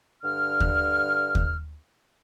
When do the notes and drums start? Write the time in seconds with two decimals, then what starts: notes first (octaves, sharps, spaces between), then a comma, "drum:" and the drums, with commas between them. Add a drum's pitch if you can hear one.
0.23 G2 D3 F6
0.60 drum: kick
1.35 drum: kick